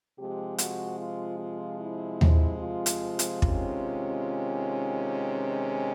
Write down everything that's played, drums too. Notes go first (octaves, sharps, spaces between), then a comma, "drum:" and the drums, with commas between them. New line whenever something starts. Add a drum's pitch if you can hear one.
C3 F3 G#3 G4
F#4, drum: hi-hat
F4
F4
E4
drum: tom D#2
F4
drum: hi-hat
drum: hi-hat
C3 D#3 G#3 C#4, drum: kick